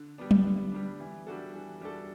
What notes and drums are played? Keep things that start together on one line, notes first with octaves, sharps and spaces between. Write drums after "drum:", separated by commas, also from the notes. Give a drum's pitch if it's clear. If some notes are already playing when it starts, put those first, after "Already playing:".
Already playing: D3
G3 B3 D4
drum: tom F#3
D3
G3 B3 D4
E3
G3 D4 F#4 A4
E3
G3 D4 F#4 A4